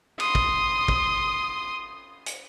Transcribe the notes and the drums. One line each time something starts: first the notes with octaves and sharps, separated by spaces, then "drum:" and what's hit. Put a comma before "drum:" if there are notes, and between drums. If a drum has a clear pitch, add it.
C6 D#6, drum: cymbal
drum: kick
drum: kick
drum: hi-hat